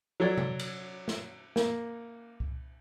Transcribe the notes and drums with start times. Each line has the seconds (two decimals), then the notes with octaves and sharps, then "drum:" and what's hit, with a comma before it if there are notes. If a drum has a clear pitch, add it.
0.20 F#3 A4 C#5 D5
0.38 drum: tom C3
0.59 drum: cymbal
1.08 drum: snare
1.56 A#3, drum: snare
2.40 drum: kick C2